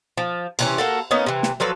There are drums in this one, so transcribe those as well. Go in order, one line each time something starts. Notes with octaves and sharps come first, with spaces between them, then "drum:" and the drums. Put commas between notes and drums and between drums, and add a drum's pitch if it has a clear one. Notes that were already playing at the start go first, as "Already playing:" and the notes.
F3
C3 E3 C#4, drum: cymbal
A#3 F#4 A4
A#3 B3 C#4 D#4
C3 E3
drum: snare
F3 F#3 A4 B4